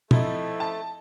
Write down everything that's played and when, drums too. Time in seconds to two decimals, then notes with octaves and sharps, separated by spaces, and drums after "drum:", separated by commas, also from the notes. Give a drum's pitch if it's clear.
0.11 F3 A3 C4 D#4 E4 D#5 C#6, drum: tom
0.60 A5